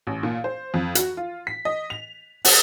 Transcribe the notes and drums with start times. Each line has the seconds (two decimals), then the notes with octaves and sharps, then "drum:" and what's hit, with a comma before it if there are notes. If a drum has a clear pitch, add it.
0.07 A1
0.23 A#2
0.44 C5
0.74 F2
0.95 F#4, drum: hi-hat
1.17 F4
1.47 B6
1.65 D#5
1.90 F7
2.45 F#5, drum: open hi-hat